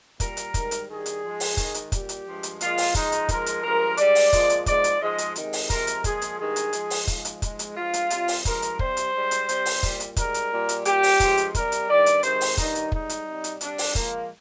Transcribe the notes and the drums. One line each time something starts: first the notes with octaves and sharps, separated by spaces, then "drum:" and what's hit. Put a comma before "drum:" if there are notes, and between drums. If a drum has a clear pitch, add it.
A#2 G3 A#4, drum: kick, hi-hat
drum: hi-hat
G#2 D#3 G3, drum: kick, hi-hat
drum: hi-hat
G2 D#3 G3 G#4
drum: hi-hat
G#2 F3 G#3
drum: open hi-hat
G#2 D#3 G#3, drum: kick, hi-hat
drum: hi-hat
A#2 G3 G4, drum: kick, hi-hat
drum: hi-hat
G2 F3 G#3
drum: hi-hat
A#2 F3 G#3 F4, drum: hi-hat
drum: open hi-hat
G#2 F3 G#3 D#4, drum: kick, hi-hat
drum: hi-hat
G#2 F3 G#3 A#4, drum: kick, hi-hat
drum: hi-hat
G2 F3 G#3 A#4
G#2 G3 D5, drum: hi-hat
drum: open hi-hat
A#2 F3 G#3, drum: kick, hi-hat
drum: hi-hat
G#2 F3 G#3 D5, drum: kick, hi-hat
drum: hi-hat
G#2 F3 G#3 D#5
drum: hi-hat
C3 D#3 G#3, drum: hi-hat
drum: open hi-hat
C3 F3 G#3 A#4, drum: kick, hi-hat
drum: hi-hat
A#2 F3 G#3 G#4, drum: kick, hi-hat
drum: hi-hat
G2 D#3 G#3 G#4
drum: hi-hat
G#2 F3 G#3, drum: hi-hat
drum: open hi-hat
G#2 F3 G#3, drum: kick, hi-hat
drum: hi-hat
G#2 F3 G#3, drum: kick, hi-hat
drum: hi-hat
G2 F3 G#3 F4
drum: hi-hat
C3 G3, drum: hi-hat
drum: open hi-hat
G2 F3 G#3 A#4, drum: kick, hi-hat
drum: hi-hat
C3 G3 C5, drum: kick
drum: hi-hat
G#2 G3
drum: hi-hat
C3 G3, drum: hi-hat
drum: open hi-hat
A#2 G3, drum: kick, hi-hat
drum: hi-hat
G#2 G3 A#4, drum: kick, hi-hat
drum: hi-hat
A#2 G3
drum: hi-hat
A#2 G3 G4, drum: hi-hat
drum: open hi-hat
G2 F3 G#3, drum: kick, hi-hat
drum: hi-hat
C3 G3 A#4, drum: kick, hi-hat
drum: hi-hat
G2 D#3 G3 D5
drum: hi-hat
C3 D#3 G#3 C5, drum: hi-hat
drum: open hi-hat
G2 D#3 G3 D#4, drum: kick, hi-hat
drum: hi-hat
G#2 G3 D#4, drum: kick
drum: hi-hat
C3 G3
drum: hi-hat
C3 G3 D4, drum: hi-hat
drum: open hi-hat
A#2 F3 G#3 A#3, drum: kick, hi-hat